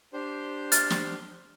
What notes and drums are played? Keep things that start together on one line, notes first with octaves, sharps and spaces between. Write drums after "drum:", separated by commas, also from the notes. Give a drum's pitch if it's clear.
D4 G4 C5
F6 A6, drum: hi-hat
drum: snare